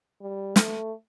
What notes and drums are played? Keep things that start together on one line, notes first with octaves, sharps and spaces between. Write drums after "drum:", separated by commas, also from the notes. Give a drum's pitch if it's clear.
G3
A3, drum: snare